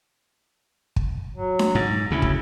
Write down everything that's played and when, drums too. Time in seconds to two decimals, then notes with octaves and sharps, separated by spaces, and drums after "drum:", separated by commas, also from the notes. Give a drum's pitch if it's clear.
0.96 drum: kick
1.34 F#3
1.59 drum: snare D4
1.75 G#2
2.11 D2 C#3 E4
2.22 drum: kick